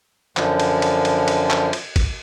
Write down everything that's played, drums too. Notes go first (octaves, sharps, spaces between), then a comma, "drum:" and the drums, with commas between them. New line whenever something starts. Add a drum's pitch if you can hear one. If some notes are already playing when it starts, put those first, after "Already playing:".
F#2 D3 F3, drum: clap
drum: cymbal
drum: cymbal
drum: cymbal
drum: cymbal
drum: clap
drum: cymbal
drum: kick G#1, cymbal